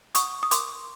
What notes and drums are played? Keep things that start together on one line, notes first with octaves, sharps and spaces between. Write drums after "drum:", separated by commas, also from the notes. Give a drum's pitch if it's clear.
F#5 C#6 D#6, drum: hi-hat
D#6
A#4 C6 D6, drum: hi-hat